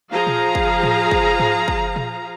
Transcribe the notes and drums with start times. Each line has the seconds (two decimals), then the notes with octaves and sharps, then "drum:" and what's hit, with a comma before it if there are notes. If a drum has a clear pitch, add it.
0.13 F3 G#4 F5 A#5
0.27 drum: tom A#2
0.55 drum: kick
0.83 drum: tom A2
1.11 drum: kick
1.40 drum: tom G#2
1.68 drum: kick
1.96 drum: tom A#2